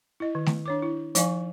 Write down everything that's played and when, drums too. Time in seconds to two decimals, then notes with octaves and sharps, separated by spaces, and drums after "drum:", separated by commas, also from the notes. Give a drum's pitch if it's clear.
0.20 E4 D#5
0.35 D#3
0.46 drum: snare A3
0.66 D4 C#5 D6
0.83 E4
1.15 F3 D#4 D5 F5 G#5 C#6, drum: hi-hat